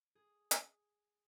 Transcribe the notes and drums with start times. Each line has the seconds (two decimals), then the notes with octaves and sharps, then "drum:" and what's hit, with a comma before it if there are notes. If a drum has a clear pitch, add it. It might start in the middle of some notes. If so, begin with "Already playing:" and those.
0.15 G#4
0.51 drum: hi-hat